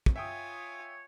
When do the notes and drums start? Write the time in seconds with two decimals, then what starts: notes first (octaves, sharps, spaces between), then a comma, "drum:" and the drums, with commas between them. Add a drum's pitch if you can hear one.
0.06 drum: kick
0.16 F4 C#5 E5 G5 G#5 D#6